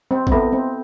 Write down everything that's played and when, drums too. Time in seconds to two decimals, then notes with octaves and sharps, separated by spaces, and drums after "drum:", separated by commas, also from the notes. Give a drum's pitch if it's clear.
0.11 C4
0.27 C4, drum: kick
0.31 B3 E4 A4 E5 B5
0.52 C4